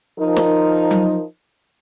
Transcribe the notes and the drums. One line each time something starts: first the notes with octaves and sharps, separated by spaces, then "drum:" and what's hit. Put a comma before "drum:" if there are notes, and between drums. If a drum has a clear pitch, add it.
F3 D#4 A#4
drum: snare
drum: tom F#3